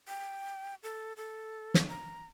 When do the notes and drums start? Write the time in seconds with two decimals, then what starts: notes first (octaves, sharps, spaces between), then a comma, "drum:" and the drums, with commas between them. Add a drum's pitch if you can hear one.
0.08 G5
0.83 A4
1.17 A4
1.74 drum: snare
1.88 A#5